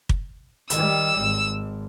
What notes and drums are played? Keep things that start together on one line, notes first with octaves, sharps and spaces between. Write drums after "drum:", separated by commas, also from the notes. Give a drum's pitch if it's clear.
drum: kick
D#3 G3 E6, drum: hi-hat
G#1